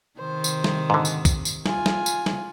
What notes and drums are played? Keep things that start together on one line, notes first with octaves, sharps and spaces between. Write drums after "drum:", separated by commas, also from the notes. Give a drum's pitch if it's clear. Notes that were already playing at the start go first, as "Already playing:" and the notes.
C3 D#3 C5
drum: tambourine
drum: snare
G#2 D3
drum: tambourine
drum: kick, tambourine
drum: tambourine
F4 G#5, drum: snare
drum: snare
drum: tambourine
drum: snare